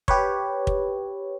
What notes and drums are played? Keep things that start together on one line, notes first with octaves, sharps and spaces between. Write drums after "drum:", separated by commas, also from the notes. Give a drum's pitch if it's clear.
G4 B4 C#5, drum: kick
drum: kick